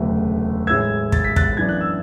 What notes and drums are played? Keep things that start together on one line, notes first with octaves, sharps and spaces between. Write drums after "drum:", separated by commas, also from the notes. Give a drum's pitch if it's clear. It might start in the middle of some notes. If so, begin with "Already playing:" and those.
Already playing: E1 D2 C#3 F#3 A3
A1 A2 G#3 E6 G#6
A6, drum: kick
B6
F#6 A6, drum: kick
F#2 E3 B3 D4 G#6
F#6
E6